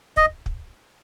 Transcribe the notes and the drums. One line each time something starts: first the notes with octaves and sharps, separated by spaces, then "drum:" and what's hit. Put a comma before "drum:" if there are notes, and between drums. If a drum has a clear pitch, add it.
D#5, drum: kick
drum: kick